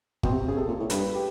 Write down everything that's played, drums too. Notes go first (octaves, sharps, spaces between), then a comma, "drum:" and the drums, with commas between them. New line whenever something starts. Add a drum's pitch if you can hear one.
B2 C4, drum: kick G1
C3
C#3 G#4
C3 A4
A#2
A2
G2 B4, drum: hi-hat
G4